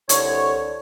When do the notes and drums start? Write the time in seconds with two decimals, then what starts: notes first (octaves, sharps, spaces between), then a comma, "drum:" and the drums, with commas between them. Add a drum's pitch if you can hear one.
0.09 C2 D3 C#5, drum: hi-hat